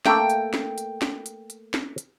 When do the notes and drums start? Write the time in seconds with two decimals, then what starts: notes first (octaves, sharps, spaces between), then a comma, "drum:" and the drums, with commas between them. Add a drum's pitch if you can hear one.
0.06 A3 A#3 A4 G5, drum: snare
0.30 drum: hi-hat
0.54 drum: snare
0.78 drum: hi-hat
1.02 drum: snare
1.26 drum: hi-hat
1.50 drum: hi-hat
1.74 drum: snare
1.98 drum: hi-hat